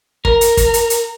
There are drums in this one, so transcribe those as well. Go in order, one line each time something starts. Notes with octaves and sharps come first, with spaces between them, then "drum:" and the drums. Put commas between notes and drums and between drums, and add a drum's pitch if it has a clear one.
A#4, drum: kick
drum: hi-hat
drum: kick, hi-hat
drum: hi-hat
drum: hi-hat